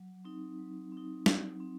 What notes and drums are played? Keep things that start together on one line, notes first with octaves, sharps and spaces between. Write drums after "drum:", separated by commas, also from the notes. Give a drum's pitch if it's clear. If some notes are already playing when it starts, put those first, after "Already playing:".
Already playing: F#3
C4 D#4
F#3
C4 D#4
F#3, drum: snare
C4